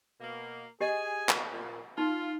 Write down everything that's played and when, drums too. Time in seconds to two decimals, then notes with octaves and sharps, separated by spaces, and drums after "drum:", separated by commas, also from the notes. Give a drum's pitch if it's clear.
0.20 B2 A#3
0.81 G4 G#4 D#5 G#5
1.29 drum: clap
1.52 A#2
1.98 D#4 F4